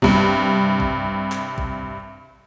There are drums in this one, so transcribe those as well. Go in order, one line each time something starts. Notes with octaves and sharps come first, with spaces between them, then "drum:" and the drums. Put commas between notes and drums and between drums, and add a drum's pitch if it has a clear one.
G2 C3, drum: kick A1
drum: kick A1
drum: clap
drum: kick A1